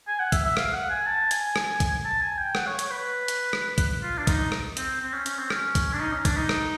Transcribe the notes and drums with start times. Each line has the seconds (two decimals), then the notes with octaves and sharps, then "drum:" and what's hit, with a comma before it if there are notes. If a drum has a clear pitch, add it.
0.08 G#5
0.19 F#5
0.32 E5, drum: kick, hi-hat
0.45 E5
0.57 F5, drum: rim click
0.73 F#5
0.90 G#5
1.06 A5
1.31 G#5, drum: hi-hat
1.56 drum: rim click
1.80 drum: kick, hi-hat
2.05 A5
2.21 G#5
2.38 G5
2.55 F#5, drum: rim click
2.67 C#5
2.79 C#5, drum: hi-hat
2.91 B4
3.28 drum: hi-hat
3.53 drum: rim click
3.78 drum: kick, hi-hat
4.02 F4
4.18 D4
4.27 D#4, drum: kick, hi-hat
4.52 drum: rim click
4.77 C4, drum: hi-hat
5.02 C4
5.14 C#4
5.26 C#4, drum: hi-hat
5.39 C4
5.50 C#4, drum: rim click
5.75 drum: kick, hi-hat
5.93 D4
6.00 D#4
6.13 C#4
6.25 D4, drum: kick, hi-hat
6.37 D#4
6.49 drum: rim click